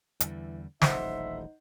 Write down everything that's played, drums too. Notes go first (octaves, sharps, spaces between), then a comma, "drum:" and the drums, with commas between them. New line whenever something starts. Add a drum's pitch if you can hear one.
E2 D3 E3 G3, drum: hi-hat
D#1 A1 F#3 D#4 C5 E5 F#5, drum: snare